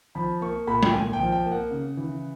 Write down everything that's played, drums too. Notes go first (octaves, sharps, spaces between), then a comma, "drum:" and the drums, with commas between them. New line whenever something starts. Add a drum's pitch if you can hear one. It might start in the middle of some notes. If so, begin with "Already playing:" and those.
F3 B5
A#3 C#6
A#2 B5
G5, drum: tom G#3
A#2 G#5
G5
F3
G5
A#3
F#5
C#3
E3